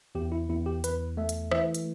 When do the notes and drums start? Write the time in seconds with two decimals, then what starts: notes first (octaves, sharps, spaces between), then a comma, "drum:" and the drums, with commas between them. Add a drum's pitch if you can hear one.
0.15 E2 G4
0.32 E4
0.49 E2 E4
0.66 G4
0.84 E2 B4, drum: hi-hat
1.17 A3 E5
1.29 drum: hi-hat
1.51 E3 E5, drum: rim click
1.74 drum: hi-hat